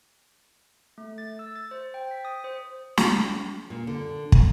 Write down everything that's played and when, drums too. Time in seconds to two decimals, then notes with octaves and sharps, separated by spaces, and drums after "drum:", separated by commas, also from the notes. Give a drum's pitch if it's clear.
0.98 A3
1.18 A6
1.39 E6
1.56 A6
1.71 C5
1.94 G5
2.11 B6
2.25 D#6
2.44 C5
2.97 drum: snare
3.70 A#2
3.87 D3
4.32 F2, drum: kick